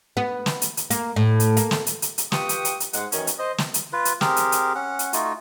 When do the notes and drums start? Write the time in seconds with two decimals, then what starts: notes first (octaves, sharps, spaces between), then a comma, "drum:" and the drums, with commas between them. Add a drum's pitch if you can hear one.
0.17 B3
0.46 drum: snare
0.62 drum: hi-hat
0.77 drum: hi-hat
0.90 A#3, drum: hi-hat
1.16 A2
1.40 drum: hi-hat
1.57 A#3, drum: hi-hat
1.71 drum: snare
1.87 drum: hi-hat
2.02 drum: hi-hat
2.18 drum: hi-hat
2.32 F4 G4 B4 G5 C#6 D#6, drum: snare
2.49 drum: hi-hat
2.65 drum: hi-hat
2.80 drum: hi-hat
2.93 G#2 G#3 F#5, drum: hi-hat
3.12 F#2 D#3 E3 C#4, drum: hi-hat
3.27 drum: hi-hat
3.38 C5 D#5
3.58 drum: snare
3.74 drum: hi-hat
3.93 F4 B4
4.05 drum: hi-hat
4.21 C4 G4 G#4 A#4, drum: snare
4.36 drum: hi-hat
4.52 drum: hi-hat
4.75 C#4 F#5
4.99 drum: hi-hat
5.13 A3 D#4 F4 F#4, drum: hi-hat